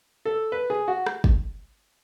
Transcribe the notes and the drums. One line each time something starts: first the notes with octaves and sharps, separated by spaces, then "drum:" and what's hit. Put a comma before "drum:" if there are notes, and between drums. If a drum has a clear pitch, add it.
A4
B4
G#4
F#4
drum: rim click
drum: kick